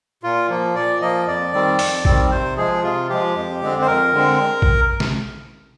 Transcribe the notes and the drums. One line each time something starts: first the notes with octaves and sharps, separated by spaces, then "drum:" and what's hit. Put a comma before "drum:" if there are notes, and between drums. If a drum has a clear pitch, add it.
A#2 F4
F3 A#3
A#2 D5
F3 A#3 D#5
F2 D5
D#3 G3 C4
F2, drum: open hi-hat
D#3 G3 C4, drum: kick A#1
C3 C5
F3 G#3 G#4
C3 F4
F3 G#3 G4
F2
D3 G#3 C4
C5
F2 A#4
D3 G#3 C4
drum: kick A#1
drum: snare